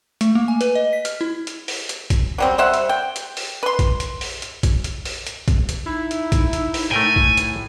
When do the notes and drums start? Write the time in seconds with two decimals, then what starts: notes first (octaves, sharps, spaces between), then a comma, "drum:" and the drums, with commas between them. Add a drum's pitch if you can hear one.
0.21 A3, drum: hi-hat
0.35 A#3
0.48 G#5
0.61 B4, drum: hi-hat
0.75 D#5
0.93 B6
1.05 F6, drum: hi-hat
1.21 E4
1.47 drum: hi-hat
1.68 drum: open hi-hat
1.89 drum: hi-hat
2.10 drum: kick, hi-hat
2.38 F#3 G3 C4
2.58 G3 C5 E5 F#5
2.74 drum: hi-hat
2.89 G5
3.16 drum: hi-hat
3.37 drum: open hi-hat
3.63 B4 C6
3.79 drum: kick, hi-hat
4.00 drum: hi-hat
4.21 drum: open hi-hat
4.42 drum: hi-hat
4.63 drum: kick, hi-hat
4.84 drum: hi-hat
5.05 drum: open hi-hat
5.27 drum: hi-hat
5.48 drum: kick, hi-hat
5.69 drum: hi-hat
5.86 D#4 E4
6.11 drum: hi-hat
6.32 drum: kick, hi-hat
6.53 drum: hi-hat
6.74 drum: open hi-hat
6.91 A2 A3 A#4 G5 G#5
7.16 drum: kick
7.37 drum: hi-hat